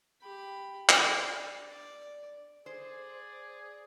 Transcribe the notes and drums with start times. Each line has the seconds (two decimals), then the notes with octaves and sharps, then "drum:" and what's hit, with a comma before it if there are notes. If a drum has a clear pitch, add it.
0.21 G4 B5
0.89 D4 D5, drum: clap
1.70 D5
2.66 G#4 C5 D5